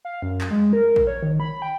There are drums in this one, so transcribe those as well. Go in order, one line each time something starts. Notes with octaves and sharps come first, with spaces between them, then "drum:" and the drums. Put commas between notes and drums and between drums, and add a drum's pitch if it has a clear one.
F5
F#2
drum: clap
G#3
A#4
drum: kick A#1
C#5
D#3
B5
G5